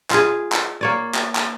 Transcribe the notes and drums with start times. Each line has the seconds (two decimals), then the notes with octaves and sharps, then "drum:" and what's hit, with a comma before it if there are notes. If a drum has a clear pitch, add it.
0.11 F4 G#4, drum: clap
0.52 drum: clap
0.81 A#3 C#5 D5
1.15 drum: clap
1.35 drum: clap